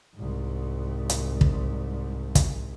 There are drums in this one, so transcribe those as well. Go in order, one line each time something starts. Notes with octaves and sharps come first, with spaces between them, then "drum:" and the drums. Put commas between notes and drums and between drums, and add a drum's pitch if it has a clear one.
C2 G#2
drum: hi-hat
drum: kick
drum: kick, hi-hat